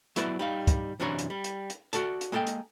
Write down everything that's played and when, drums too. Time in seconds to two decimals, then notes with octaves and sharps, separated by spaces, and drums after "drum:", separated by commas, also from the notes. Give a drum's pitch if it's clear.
0.16 F#3 B3 E4 B4 D5 E5, drum: hi-hat
0.39 G3 D#4 F5
0.67 drum: kick, hi-hat
1.00 F#2 C3 E3 D4 C#5 A#5
1.19 drum: hi-hat
1.30 G3
1.44 drum: hi-hat
1.70 drum: hi-hat
1.93 F#4 A4 D5 A5, drum: hi-hat
2.21 drum: hi-hat
2.32 G#3 A#3 A4 D#5 G5
2.47 drum: hi-hat